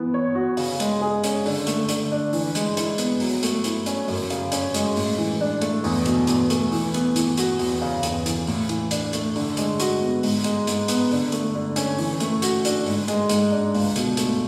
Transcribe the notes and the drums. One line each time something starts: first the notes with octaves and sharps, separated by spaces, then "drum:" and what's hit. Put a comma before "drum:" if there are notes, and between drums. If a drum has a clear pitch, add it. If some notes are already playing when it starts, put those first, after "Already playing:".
Already playing: E3 B3
C#5
F#4
C#3, drum: open hi-hat
G#3, drum: hi-hat
G#4
C#4, drum: hi-hat
D3, drum: open hi-hat
A3, drum: hi-hat
D3, drum: hi-hat
D4
E3, drum: open hi-hat
G#3, drum: hi-hat
E4, drum: hi-hat
B3, drum: hi-hat
F#3, drum: open hi-hat
A3, drum: hi-hat
E4, drum: hi-hat
C#4, drum: hi-hat
F#2, drum: open hi-hat
C#3, drum: hi-hat
C#4, drum: hi-hat
G#3, drum: hi-hat
A2, drum: open hi-hat
E3
D4
A3, drum: hi-hat
E2, drum: open hi-hat
B2, drum: hi-hat
E2, drum: hi-hat
A3, drum: hi-hat
E3, drum: open hi-hat
B3, drum: hi-hat
E3, drum: hi-hat
F#4, drum: hi-hat
E2, drum: open hi-hat
C#3
E2, drum: hi-hat
E3, drum: hi-hat
A2, drum: open hi-hat
E3, drum: hi-hat
D4, drum: hi-hat
A3, drum: hi-hat
D3, drum: open hi-hat
G#3, drum: hi-hat
F#4, drum: hi-hat
B3
G#2, drum: open hi-hat
G#3, drum: hi-hat
G#2, drum: hi-hat
B3, drum: hi-hat
D3, drum: open hi-hat
A3, drum: hi-hat
D3
C#4, drum: hi-hat
E3, drum: open hi-hat
A3, drum: hi-hat
F#4, drum: hi-hat
D4, drum: hi-hat
G#2, drum: open hi-hat
G#3, drum: hi-hat
G#2, drum: hi-hat
D4
C#2, drum: open hi-hat
B2, drum: hi-hat
A3, drum: hi-hat